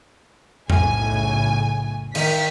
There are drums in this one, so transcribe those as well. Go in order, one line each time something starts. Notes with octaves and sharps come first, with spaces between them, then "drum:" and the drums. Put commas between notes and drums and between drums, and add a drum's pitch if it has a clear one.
B1 A2 C#3 G#5, drum: tom F2
D#3 B6, drum: cymbal